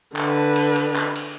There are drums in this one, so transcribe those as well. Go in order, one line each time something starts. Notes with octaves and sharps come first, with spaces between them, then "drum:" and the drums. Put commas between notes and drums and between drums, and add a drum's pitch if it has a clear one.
D3 B4, drum: clap
drum: cymbal
drum: cymbal
drum: clap
drum: cymbal